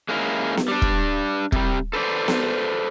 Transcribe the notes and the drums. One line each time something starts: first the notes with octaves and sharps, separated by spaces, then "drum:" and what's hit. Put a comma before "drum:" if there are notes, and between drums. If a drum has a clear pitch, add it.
G#3 A#3 C#4 E4
drum: snare B3
G3 D4
drum: kick
C3 G3, drum: kick
A4 B4 C5 D5
drum: snare B3